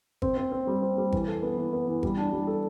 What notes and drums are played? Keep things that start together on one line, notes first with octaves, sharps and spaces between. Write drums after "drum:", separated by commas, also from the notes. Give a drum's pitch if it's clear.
C4, drum: kick G#1
C4
C4
G3
C4
G3
E3, drum: kick G#1
A4
B3
E3
B3
E3
G3, drum: kick G#1
D4
G3
A4